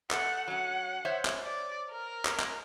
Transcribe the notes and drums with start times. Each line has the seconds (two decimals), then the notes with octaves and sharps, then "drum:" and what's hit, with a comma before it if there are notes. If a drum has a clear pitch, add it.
0.11 A3 F#5, drum: clap
0.48 F#3 C#4 F#5
1.05 C5 C#5 E5
1.25 drum: clap
1.43 D5
1.92 A#4
2.25 drum: clap
2.40 drum: clap